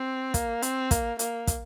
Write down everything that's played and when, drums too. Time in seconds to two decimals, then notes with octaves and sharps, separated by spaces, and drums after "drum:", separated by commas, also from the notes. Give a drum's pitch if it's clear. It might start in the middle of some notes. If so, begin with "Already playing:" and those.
Already playing: C4
0.34 A#3, drum: kick, hi-hat
0.62 C4, drum: hi-hat
0.91 A#3, drum: kick, hi-hat
1.19 A#3, drum: hi-hat
1.47 drum: kick, hi-hat